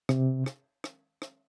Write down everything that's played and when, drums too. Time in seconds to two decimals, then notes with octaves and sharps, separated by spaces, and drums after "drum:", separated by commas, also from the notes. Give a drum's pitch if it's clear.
0.09 C3, drum: rim click
0.46 drum: rim click
0.84 drum: rim click
1.22 drum: rim click